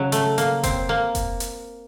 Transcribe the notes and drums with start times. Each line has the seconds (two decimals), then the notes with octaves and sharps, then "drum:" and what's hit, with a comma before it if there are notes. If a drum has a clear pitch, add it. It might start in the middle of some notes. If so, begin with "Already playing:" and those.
Already playing: C#3 F#3
0.12 A3, drum: hi-hat
0.38 A#3, drum: hi-hat
0.63 C4, drum: kick F1, hi-hat
0.89 A#3
1.15 drum: kick F1, hi-hat
1.40 drum: hi-hat